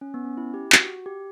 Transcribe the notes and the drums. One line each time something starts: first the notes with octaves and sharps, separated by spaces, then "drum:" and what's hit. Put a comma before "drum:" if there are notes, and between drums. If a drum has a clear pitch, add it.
C#4
B3
C#4
E4
G4
F#4, drum: clap
G4